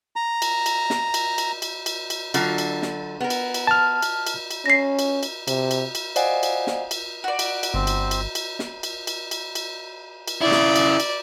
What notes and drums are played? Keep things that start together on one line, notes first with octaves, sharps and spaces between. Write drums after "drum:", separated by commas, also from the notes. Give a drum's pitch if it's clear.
A#5
drum: cymbal
drum: cymbal
drum: snare
drum: cymbal
drum: cymbal
drum: cymbal
drum: cymbal
drum: cymbal
D3 F#3 F4, drum: cymbal
drum: cymbal
drum: snare
B3 A#4
drum: cymbal
drum: cymbal
A5 F6
drum: cymbal
drum: cymbal
drum: cymbal
C#4 A#6 C7
drum: cymbal
drum: cymbal
C3, drum: cymbal
drum: cymbal
drum: cymbal
C5 D5 D#5 F5 F#5 G#5, drum: cymbal
drum: cymbal
drum: snare
drum: cymbal
F#4 D5
drum: cymbal
drum: cymbal
G1 C4
drum: cymbal
drum: cymbal
drum: cymbal
drum: snare
drum: cymbal
drum: cymbal
drum: cymbal
drum: cymbal
drum: cymbal
C#3 E4 D5
drum: snare
drum: cymbal
drum: cymbal